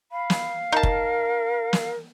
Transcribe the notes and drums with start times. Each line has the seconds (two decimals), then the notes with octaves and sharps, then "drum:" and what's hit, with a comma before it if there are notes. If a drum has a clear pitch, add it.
0.12 F5 B5
0.30 drum: snare
0.72 D#4 A#4 A5
0.83 drum: kick
1.73 drum: snare